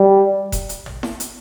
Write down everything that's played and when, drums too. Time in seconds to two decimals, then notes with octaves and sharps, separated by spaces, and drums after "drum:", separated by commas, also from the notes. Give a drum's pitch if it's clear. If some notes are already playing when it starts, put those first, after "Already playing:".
Already playing: G3
0.52 drum: kick E1, hi-hat
0.69 drum: hi-hat
0.86 drum: tom
1.03 drum: snare E4
1.20 drum: hi-hat